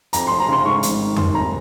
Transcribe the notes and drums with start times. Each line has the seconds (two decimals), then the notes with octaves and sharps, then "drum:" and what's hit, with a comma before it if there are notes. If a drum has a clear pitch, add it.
0.13 F2 A#5, drum: hi-hat
0.27 F1 C6
0.40 A#5
0.48 C#3 C6
0.65 G#2 C#6
0.83 G#1, drum: hi-hat
0.99 D#3
1.16 D#2 C6, drum: tom F2
1.34 F1 A#5